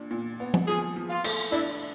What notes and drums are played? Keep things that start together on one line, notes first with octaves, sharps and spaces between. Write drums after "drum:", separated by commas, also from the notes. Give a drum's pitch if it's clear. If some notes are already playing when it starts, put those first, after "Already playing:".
Already playing: A#2 D4
A#2
B3
drum: tom
F3 G#4
F3
F4
A3, drum: cymbal
D4 E4